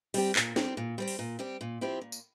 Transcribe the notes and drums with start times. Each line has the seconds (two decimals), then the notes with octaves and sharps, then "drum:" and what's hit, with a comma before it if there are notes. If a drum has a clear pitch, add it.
0.14 G3 C4 G4, drum: open hi-hat
0.35 A#2, drum: clap
0.56 G3 C4 G4, drum: snare
0.77 A#2
0.98 G3 C4 G4
1.08 drum: open hi-hat
1.19 A#2
1.39 G3 C4 G4
1.61 A#2
1.81 F3 C4 E4 G4
2.01 A#2
2.12 drum: tambourine